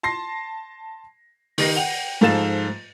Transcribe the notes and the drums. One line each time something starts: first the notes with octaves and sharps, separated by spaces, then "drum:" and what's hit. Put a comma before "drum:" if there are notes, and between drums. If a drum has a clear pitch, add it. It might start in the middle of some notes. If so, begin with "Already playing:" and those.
A5 C6 A#6 C7
D#3 G4 A#6 C7, drum: open hi-hat
F#5 G5 F7
G#2 F3 A4 F5 A6 E7